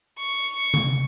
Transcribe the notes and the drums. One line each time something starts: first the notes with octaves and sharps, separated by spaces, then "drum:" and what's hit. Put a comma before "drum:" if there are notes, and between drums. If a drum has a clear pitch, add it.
C#6
drum: tom C3